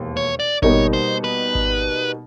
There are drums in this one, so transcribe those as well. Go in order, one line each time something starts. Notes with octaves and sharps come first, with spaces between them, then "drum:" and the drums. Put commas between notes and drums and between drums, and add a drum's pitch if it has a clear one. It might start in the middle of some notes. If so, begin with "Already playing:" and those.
Already playing: E1 D#2
C#5
D5
B2 G3 A#3 D#4 C#5, drum: kick G#1
C5
B4
drum: kick G#1